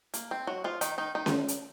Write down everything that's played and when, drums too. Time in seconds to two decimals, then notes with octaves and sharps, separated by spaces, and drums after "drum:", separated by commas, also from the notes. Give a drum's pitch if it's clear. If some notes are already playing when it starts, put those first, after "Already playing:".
0.14 A#3, drum: hi-hat
0.31 C4
0.47 F#3 F#4
0.64 F3 F4
0.81 D#3 D#4, drum: hi-hat
0.98 D#3 D#4
1.15 D#3 D#4
1.26 drum: snare C#4
1.48 drum: hi-hat